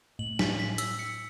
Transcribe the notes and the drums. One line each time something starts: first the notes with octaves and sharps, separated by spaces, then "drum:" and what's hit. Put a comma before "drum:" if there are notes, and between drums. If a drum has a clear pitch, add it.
A2 F#7
B6, drum: snare
B6
E6, drum: hi-hat
C#7